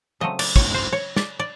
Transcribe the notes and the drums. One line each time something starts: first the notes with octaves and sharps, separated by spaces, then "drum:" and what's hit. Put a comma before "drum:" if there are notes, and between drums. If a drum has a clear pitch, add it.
C#3 F#3 A3 C4 D#5
D5, drum: cymbal
C#5, drum: kick
C5
C#5
D5, drum: snare
D5